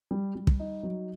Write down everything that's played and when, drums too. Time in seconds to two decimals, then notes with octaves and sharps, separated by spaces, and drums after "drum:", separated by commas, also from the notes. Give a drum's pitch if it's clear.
0.11 G3
0.35 G3
0.47 drum: kick
0.59 D#4
0.83 F#3